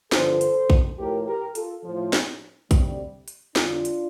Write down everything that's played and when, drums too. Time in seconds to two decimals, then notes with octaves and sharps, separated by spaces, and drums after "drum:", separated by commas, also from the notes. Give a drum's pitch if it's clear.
0.12 G2 D3 F3 A4 C5, drum: snare
0.41 drum: hi-hat
0.70 drum: kick A#1
0.98 A2 F3 G4 A#4
1.26 G4 A#4
1.55 F4 A4, drum: hi-hat
1.84 A2 F3
2.13 drum: snare
2.71 D2 C3 G3, drum: kick A#1, hi-hat
3.28 drum: hi-hat
3.56 F2 D3 G3 D4 F4, drum: snare
3.85 drum: hi-hat